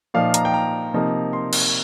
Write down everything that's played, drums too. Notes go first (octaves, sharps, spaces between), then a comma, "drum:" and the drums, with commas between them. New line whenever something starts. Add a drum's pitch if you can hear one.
A#2 F3 A#3 D#4 F5
A#5, drum: hi-hat
G5
A#5
C3 F3 A#3 D#4
C6
drum: cymbal